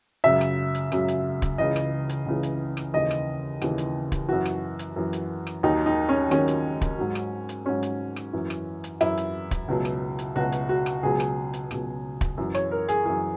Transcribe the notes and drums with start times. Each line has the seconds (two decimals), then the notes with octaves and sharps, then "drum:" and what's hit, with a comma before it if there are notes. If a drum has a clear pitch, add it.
0.24 F#2 C#3 F#3 E5
0.41 drum: rim click
0.75 drum: hi-hat
0.92 F#2 C#3 F#3, drum: rim click
1.08 drum: hi-hat
1.42 drum: kick, hi-hat
1.58 C#2 C#3 E3 D#5
1.76 drum: rim click
2.09 drum: hi-hat
2.26 C#2 C#3 E3
2.43 drum: hi-hat
2.77 drum: rim click
2.94 D#2 C#3 E3 D#5
3.11 drum: rim click
3.62 D#2 C#3 E3, drum: rim click
3.78 drum: hi-hat
4.12 drum: kick, hi-hat
4.28 F#2 E3 F#4
4.45 drum: rim click
4.79 drum: hi-hat
4.96 F#2 E3
5.13 drum: hi-hat
5.47 drum: rim click
5.63 D#2 D#3 F#3 D#4
5.86 D#4
6.09 C#4
6.31 D#2 D#3 F#3 C#4, drum: rim click
6.48 drum: hi-hat
6.81 drum: kick, hi-hat
6.99 G#2 F#3
7.15 drum: rim click
7.49 drum: hi-hat
7.66 G#2 F#3 C#4
7.83 drum: hi-hat
8.16 drum: rim click
8.33 F#2 E3
8.50 drum: rim click
8.84 drum: hi-hat
9.01 F#2 E3 E4, drum: rim click
9.17 drum: hi-hat
9.51 drum: kick, hi-hat
9.68 C#2 B2 F#3
9.85 drum: rim click
10.19 drum: hi-hat
10.36 C#2 B2 F#3 F#4
10.52 drum: hi-hat
10.69 F#4
10.86 drum: rim click
11.03 C#2 B2 F#3 G#4
11.20 drum: rim click
11.53 drum: hi-hat
11.71 C#2 B2 F#3, drum: rim click
12.21 drum: kick, hi-hat
12.38 F#2 E3
12.54 C#5, drum: rim click
12.71 A#4
12.88 G#4, drum: hi-hat
13.05 F#2 E3 G#4